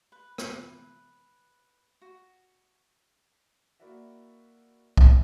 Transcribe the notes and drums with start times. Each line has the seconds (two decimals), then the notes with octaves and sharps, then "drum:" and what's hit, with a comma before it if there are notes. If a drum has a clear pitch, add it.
0.12 B4
0.38 B4, drum: rim click
2.02 F#4
3.80 A#3 E4 F#4 D5 E5
4.97 drum: kick C2